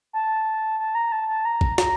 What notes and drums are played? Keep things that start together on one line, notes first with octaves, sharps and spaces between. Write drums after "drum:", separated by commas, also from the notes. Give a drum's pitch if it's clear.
A5
A5
A#5
A5
A5
A#5
drum: kick
A#5, drum: snare